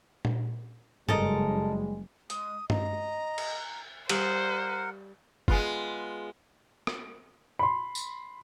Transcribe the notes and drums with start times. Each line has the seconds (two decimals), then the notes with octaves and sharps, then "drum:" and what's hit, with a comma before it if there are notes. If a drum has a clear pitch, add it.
0.25 drum: tom A#2
1.09 F#1 G3 G#3 A4 A#4 D#5, drum: tom G2
2.30 G#3 D#6, drum: hi-hat
2.70 D#5 A#5, drum: tom G2
3.38 drum: cymbal
4.09 G3 A#4 C5 F#5, drum: cymbal
5.48 G#3 B3 F4, drum: kick F#1
6.87 drum: rim click
7.59 B5 C6
7.95 drum: tambourine